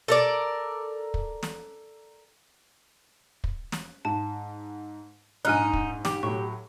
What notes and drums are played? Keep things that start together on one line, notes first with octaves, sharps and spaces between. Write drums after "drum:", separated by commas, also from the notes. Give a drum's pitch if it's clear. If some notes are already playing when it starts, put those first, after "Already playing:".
A4 A#4 D5
drum: kick
drum: snare
drum: kick
drum: snare
G#2 A5
A#1 G#2 D#4 G#5 F6 F#6
drum: kick
G4 D6, drum: snare
A2 F#3 C#6